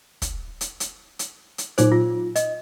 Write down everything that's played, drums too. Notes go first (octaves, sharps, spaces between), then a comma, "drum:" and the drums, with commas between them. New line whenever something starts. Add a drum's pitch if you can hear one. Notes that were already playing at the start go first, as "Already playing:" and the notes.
drum: kick, hi-hat
drum: hi-hat
drum: hi-hat
drum: hi-hat
drum: hi-hat
A#2 F#3 D#4 C5 D6, drum: hi-hat
F4
D#5, drum: hi-hat